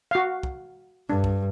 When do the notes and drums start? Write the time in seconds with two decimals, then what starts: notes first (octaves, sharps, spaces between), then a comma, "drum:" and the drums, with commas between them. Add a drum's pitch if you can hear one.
0.11 F#4 F5
0.43 drum: kick
1.10 G2 D4
1.24 drum: kick